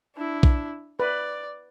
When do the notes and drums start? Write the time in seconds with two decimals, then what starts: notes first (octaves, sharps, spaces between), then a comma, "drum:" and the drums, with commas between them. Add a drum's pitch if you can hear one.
0.15 D4 E4
0.43 drum: kick
1.00 B4 D5